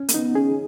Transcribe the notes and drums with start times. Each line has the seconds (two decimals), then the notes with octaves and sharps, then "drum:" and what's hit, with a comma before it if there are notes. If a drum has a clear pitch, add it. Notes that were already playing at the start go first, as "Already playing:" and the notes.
Already playing: C#4
0.09 A#3, drum: hi-hat
0.13 B3 D#4
0.35 C#4 G#4